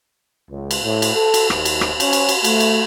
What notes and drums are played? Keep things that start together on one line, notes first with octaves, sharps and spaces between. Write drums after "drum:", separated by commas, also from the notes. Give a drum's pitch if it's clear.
C#2
drum: cymbal
A2
drum: cymbal
A4
drum: cymbal
D#2, drum: rim click
drum: cymbal
drum: rim click
C#4, drum: cymbal
drum: cymbal
drum: cymbal
A3, drum: cymbal
drum: cymbal